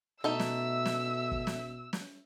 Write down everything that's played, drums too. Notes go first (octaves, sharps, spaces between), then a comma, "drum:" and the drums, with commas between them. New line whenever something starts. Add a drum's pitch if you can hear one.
B2 A3 D#4 A4 E5 E6
drum: snare
drum: snare
drum: kick
drum: snare
drum: snare